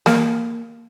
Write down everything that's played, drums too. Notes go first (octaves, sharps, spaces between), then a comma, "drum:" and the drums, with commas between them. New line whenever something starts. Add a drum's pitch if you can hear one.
A#3, drum: snare